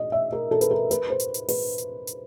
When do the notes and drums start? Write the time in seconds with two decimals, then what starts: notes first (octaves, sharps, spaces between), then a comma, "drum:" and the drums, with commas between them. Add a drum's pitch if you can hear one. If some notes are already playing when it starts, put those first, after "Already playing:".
Already playing: D#5
0.12 E5
0.32 A#4
0.51 A4
0.61 B4, drum: hi-hat
0.71 A#4
0.91 B4, drum: hi-hat
1.10 C5
1.20 drum: hi-hat
1.34 drum: hi-hat
1.48 B4, drum: open hi-hat
1.78 drum: hi-hat
2.07 drum: hi-hat